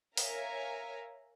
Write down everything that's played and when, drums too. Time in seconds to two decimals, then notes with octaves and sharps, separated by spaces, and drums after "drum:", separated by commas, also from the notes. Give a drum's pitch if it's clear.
0.17 A#4 C#5 E5 F5 G#5 A#5, drum: open hi-hat